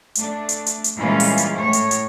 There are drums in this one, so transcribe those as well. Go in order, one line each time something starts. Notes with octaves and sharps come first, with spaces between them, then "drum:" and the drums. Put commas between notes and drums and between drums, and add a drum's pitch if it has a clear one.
A3 D4, drum: hi-hat
drum: hi-hat
drum: hi-hat
drum: hi-hat
A#2 E3 G3 G#3 C#4 F4
drum: open hi-hat
drum: hi-hat
A2 C#5
drum: hi-hat
drum: hi-hat